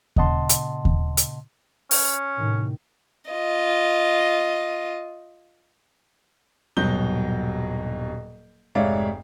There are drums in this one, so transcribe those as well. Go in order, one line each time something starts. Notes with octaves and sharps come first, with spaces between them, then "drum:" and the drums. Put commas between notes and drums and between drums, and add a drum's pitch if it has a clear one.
A#2 C#3 D#5 F#5 A5 C6, drum: kick D#2
drum: hi-hat
drum: kick D#2
drum: hi-hat
C#4, drum: open hi-hat
A2 C3 D#3
F4 D#5
D#1 G2 B2 F#3 G6 G7
F1 G#2 C#5 D5 E5 F5